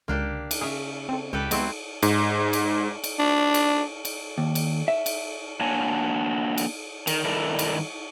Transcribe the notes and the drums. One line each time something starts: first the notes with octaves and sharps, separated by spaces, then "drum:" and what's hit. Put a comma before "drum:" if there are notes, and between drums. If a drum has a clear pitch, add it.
C#2 D3 A#3 D4 G4
drum: cymbal
C#3 G#4 E5
C4 A4
C#2 G4 A4 B4
F#3 G#3 B3 C4 E4 F#4, drum: cymbal
G#2, drum: cymbal
drum: cymbal
drum: cymbal
D4
drum: cymbal
drum: cymbal
D#2
drum: cymbal
E5
drum: cymbal
A#3 D4 F#4 C#5 G#5
drum: cymbal
D#3, drum: cymbal
G2 D#3 E4 A4 A#4 D5
drum: cymbal